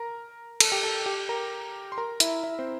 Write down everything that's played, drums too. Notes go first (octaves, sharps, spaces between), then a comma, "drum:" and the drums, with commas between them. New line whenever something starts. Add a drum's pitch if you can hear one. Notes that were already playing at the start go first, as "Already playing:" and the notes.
Already playing: A#4 A#5
A4 A5, drum: cymbal
G4 G5
A4 A5
G4 G5
A#4 A#5
C6
A#4 A#5
E4 E5, drum: hi-hat
E4 E5
C4 C5